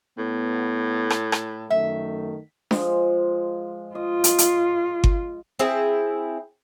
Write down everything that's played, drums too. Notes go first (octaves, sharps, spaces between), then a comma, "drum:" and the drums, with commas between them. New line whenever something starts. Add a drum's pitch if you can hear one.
A2 B3
drum: rim click
drum: rim click
F#2 D#3 A3 E5
F3 G#3, drum: snare D4
F4 D#5
drum: hi-hat
drum: hi-hat
drum: kick G1
C4 E4 G#4